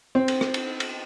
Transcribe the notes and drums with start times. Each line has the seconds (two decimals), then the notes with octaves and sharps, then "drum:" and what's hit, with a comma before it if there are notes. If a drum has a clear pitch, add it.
0.15 C4
0.28 drum: cymbal
0.41 drum: rim click
0.54 drum: cymbal
0.80 drum: cymbal